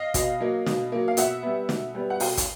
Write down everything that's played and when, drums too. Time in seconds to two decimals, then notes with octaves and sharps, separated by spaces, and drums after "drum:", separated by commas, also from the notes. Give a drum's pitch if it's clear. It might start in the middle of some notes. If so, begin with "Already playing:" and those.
Already playing: D#5 F5
0.14 B2, drum: kick, hi-hat
0.40 F#3 A#3
0.66 B2, drum: snare
0.92 F#3 A#3
1.08 F5
1.17 B2 E5 F#5, drum: hi-hat
1.43 G3 B3
1.69 B2, drum: snare
1.95 G3 B3
2.10 F#5
2.20 B2 F5 G5, drum: open hi-hat
2.37 drum: kick, hi-hat